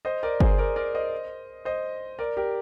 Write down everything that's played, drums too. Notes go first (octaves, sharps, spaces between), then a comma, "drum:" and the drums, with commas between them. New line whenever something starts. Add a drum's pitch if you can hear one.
C5 D#5
A#4 D5
G#4 C5, drum: kick G1
A#4 D5
A#4 D5
C5 D#5
C5 D#5
A#4 D5
G4 A#4